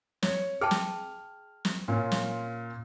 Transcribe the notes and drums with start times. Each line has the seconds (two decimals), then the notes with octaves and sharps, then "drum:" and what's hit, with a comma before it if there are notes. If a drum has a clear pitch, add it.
0.23 C#5, drum: snare
0.61 G#4 G5 A5 F6
0.71 drum: snare
1.65 drum: snare
1.88 A#2 C#4 F4
2.12 drum: snare